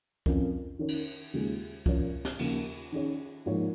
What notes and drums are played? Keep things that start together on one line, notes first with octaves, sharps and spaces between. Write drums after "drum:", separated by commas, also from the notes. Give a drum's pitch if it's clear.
F2 F3 C#4 A#4, drum: kick C2
D#3 C#4 A#4 C#5
drum: cymbal
D#2 C#3 G#3 F4 G#4
F3 C#4 A#4 C#5, drum: kick C2
drum: snare
D#2 C#3 F3 A#3, drum: cymbal
D#3 C#4 G#4 C#5
G#2 F3 A#3 D#4 C#5